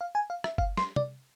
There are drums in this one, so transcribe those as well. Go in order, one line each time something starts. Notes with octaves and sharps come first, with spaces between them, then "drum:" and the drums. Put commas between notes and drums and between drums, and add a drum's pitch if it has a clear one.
F5
G#5
F5
E5, drum: rim click
F5, drum: kick F#1
C6, drum: snare
D5, drum: tom